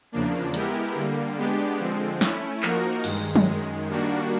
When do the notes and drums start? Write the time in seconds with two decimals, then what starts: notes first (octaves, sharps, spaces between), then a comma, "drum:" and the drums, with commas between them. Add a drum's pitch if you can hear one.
0.12 E2 C#3 F3 A#3 D4
0.54 G#3 B3 E4 G4 A#4, drum: hi-hat
0.95 D3 G3 A#3
1.36 G#3 B3 D4 G4
1.78 D3 F3 G#3 C4
2.21 A3 C#4 E4, drum: snare
2.63 F3 A#3 D#4 F#4 A#4, drum: clap
3.04 G2 D#3 G#3, drum: cymbal
3.36 drum: tom F3
3.46 F#2 D#3 G#3
3.88 D#3 G3 A#3 D4 F#4